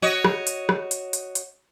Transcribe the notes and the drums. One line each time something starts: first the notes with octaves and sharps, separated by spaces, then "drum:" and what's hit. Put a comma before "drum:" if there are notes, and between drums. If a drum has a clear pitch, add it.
F#4 C#5 D#5
drum: rim click
drum: hi-hat
drum: rim click
drum: hi-hat
drum: hi-hat
drum: hi-hat